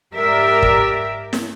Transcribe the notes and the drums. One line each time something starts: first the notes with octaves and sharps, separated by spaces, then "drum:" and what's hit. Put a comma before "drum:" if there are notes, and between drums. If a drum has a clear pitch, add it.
G#2 G4 A#4 D5 E5
drum: kick
drum: snare